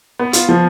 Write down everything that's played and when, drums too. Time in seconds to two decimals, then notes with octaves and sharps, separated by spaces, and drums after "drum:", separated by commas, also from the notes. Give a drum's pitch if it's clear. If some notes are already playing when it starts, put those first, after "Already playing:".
0.19 B3
0.33 F4, drum: hi-hat
0.49 F3